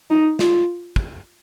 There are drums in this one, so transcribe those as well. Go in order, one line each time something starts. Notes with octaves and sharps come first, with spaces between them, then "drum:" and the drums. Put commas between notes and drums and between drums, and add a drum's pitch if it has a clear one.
D#4
F4, drum: snare
drum: kick